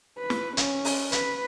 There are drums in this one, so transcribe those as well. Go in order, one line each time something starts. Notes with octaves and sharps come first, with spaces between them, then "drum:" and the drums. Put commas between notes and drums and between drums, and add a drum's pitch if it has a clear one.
B4
drum: snare
C#4, drum: hi-hat
drum: open hi-hat
B4, drum: hi-hat